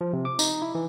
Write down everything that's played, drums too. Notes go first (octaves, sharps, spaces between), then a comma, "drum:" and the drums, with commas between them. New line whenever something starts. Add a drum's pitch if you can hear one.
F3
C3
D6
D#4, drum: tambourine
E4
E3